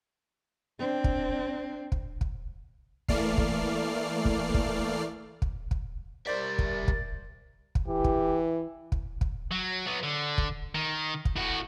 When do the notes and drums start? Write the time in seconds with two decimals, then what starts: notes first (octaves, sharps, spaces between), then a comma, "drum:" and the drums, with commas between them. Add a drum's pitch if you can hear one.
0.79 C4 D4
1.04 drum: kick
1.92 drum: kick
2.21 drum: kick
3.08 E3 A3 A#3 D5 F6 C7, drum: kick
3.38 drum: kick
4.25 drum: kick
4.54 drum: kick
5.42 drum: kick
5.71 drum: kick
6.27 G3 A#4 C5 D5 E5 A6
6.59 drum: kick
6.88 drum: kick
7.75 drum: kick
7.88 E3 G4
8.04 drum: kick
8.92 drum: kick
9.21 drum: kick
9.52 F#3
9.87 F#3 B3
10.03 D3
10.38 drum: kick
10.75 D#3
11.25 drum: kick
11.36 A2 F#4